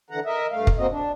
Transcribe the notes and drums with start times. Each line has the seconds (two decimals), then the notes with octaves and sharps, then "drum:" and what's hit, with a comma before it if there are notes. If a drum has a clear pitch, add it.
0.10 D3 E3 F#5 A#5
0.26 A#4 D#5 E5
0.52 G2 A3 F5
0.67 drum: kick
0.78 A#3 C4 F#4 D#5
0.91 D4